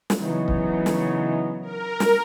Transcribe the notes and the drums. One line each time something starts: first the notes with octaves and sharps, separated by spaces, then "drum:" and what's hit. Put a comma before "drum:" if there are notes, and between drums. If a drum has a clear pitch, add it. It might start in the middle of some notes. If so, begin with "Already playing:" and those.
drum: snare
C#3 E3 F#3 B3 D#4
drum: kick C#1
drum: snare
A#4
drum: snare